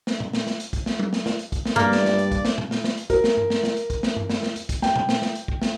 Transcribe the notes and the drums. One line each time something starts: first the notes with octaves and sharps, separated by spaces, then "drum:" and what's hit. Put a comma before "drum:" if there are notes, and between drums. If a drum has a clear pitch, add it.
drum: snare
drum: tom A#2
drum: snare
drum: snare
drum: hi-hat
drum: kick, hi-hat
drum: snare
drum: tom F#3
drum: snare
drum: snare
drum: hi-hat
drum: kick, hi-hat
drum: snare
G2 A#3 D5, drum: tom G2
drum: snare
drum: snare
drum: hi-hat
drum: kick, hi-hat
drum: snare
drum: tom A#2
drum: snare
drum: snare
drum: hi-hat
A#4, drum: kick, hi-hat
drum: snare
drum: tom G2
drum: snare
drum: snare
drum: hi-hat
drum: kick, hi-hat
drum: snare
drum: tom G2
drum: snare
drum: snare
drum: hi-hat
drum: kick, hi-hat
G5, drum: snare
drum: tom A#2
drum: snare
drum: snare
drum: hi-hat
drum: kick
drum: snare